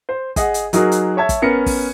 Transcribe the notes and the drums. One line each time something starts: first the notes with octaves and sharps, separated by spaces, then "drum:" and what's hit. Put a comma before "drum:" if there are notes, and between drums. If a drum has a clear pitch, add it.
C5
G#4 D#5 F#5, drum: kick, hi-hat
drum: hi-hat
F#3 D#4 F#4 G#4 A#4, drum: hi-hat
drum: hi-hat
C#5 E5 A5 G#6
drum: kick, hi-hat
B3 C#4 A#4 A#6 C#7
drum: kick, open hi-hat